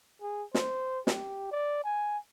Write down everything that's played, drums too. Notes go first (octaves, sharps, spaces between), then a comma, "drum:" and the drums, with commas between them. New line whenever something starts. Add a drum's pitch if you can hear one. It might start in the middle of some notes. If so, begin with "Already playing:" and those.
G#4
C5, drum: snare
G4, drum: snare
D5
G#5